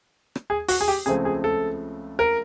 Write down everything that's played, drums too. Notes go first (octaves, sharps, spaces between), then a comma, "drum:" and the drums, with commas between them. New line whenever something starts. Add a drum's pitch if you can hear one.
drum: rim click
G#4
F#4, drum: open hi-hat
G#4
G4
C#2 C#3 F3 A3 C4 G#4
G#4
A4
A#4